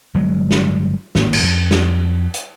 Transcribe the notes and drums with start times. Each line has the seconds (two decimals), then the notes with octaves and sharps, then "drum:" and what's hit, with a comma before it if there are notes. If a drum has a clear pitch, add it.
0.14 G1 F#3 G#3
0.51 drum: snare
1.15 G#1 A2 D#3 A#3, drum: snare
1.33 drum: cymbal
1.43 F2
1.71 drum: snare
2.34 drum: hi-hat